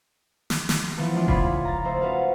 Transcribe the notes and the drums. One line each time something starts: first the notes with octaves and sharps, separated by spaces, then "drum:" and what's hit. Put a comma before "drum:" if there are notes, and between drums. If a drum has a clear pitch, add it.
drum: snare
drum: snare
E3 F3 B3 A4
G#3 A3 D4 E4 F4
C#3 F4 D5 B5 C6 G#6, drum: kick E1
A#5 A6
A3 D#4 C5 E5
C#4 F#4 B4 F5